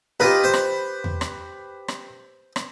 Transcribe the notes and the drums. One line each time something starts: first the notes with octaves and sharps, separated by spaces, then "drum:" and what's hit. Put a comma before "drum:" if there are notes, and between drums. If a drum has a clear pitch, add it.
D#4 F4 G4 B4 D#5
C5
drum: rim click
drum: tom E2
drum: rim click
drum: rim click
drum: rim click